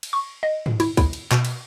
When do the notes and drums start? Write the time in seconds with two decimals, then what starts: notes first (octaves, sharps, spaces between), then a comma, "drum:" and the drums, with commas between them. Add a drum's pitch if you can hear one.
0.03 drum: cymbal
0.13 C#6
0.43 D#5
0.66 drum: tom G#2
0.80 E4, drum: cymbal
0.97 E4, drum: kick, cymbal
1.13 drum: cymbal
1.31 B2, drum: clap
1.45 drum: cymbal